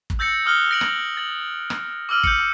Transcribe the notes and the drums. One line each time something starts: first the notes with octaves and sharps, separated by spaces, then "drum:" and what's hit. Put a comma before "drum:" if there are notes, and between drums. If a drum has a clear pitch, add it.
drum: kick
E6 G6 A6 A#6 C#7
D#6 F6 F#6 G7
A#6 D7 F#7
drum: rim click
A6 F#7
drum: rim click
D6 E6 F6 D#7
G6 C#7, drum: kick